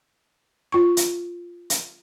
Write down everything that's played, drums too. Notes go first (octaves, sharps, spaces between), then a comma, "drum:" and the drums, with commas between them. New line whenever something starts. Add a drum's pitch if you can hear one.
F4 C#6
drum: hi-hat
drum: hi-hat